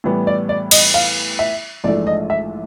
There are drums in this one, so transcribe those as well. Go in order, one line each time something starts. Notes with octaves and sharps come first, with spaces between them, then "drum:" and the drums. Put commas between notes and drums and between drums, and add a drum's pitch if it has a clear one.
A2 E3 G3 B3
D5
D5
D#5, drum: cymbal
F5
E5
A#1 G#2 E3 A3 D4 D5
D#5
E5